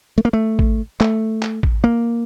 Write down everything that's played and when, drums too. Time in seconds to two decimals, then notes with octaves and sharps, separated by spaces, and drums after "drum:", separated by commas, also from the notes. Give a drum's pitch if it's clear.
0.18 A3
0.25 A#3
0.33 A3
0.59 drum: kick A1
1.00 A3, drum: clap
1.42 drum: clap
1.63 drum: kick A1
1.84 A#3